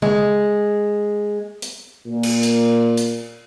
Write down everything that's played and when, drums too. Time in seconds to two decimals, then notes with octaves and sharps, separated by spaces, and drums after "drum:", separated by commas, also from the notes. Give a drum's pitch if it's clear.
0.02 G#3, drum: tom
1.62 drum: hi-hat
2.08 A#2
2.23 drum: cymbal
2.43 drum: hi-hat
2.97 drum: hi-hat